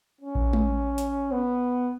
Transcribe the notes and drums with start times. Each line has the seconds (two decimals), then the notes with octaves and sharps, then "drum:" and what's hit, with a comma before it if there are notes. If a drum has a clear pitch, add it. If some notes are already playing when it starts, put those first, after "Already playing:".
0.21 C#4
0.35 drum: kick A#1
0.53 drum: tom G#3
0.98 drum: hi-hat
1.32 B3